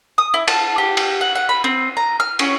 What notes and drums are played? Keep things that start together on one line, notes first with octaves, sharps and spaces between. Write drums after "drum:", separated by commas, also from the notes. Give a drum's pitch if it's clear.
D#6
E4
A5, drum: cymbal
G4
drum: cymbal
F#5
F#5
B5
C4
A#5
F6
C#4, drum: cymbal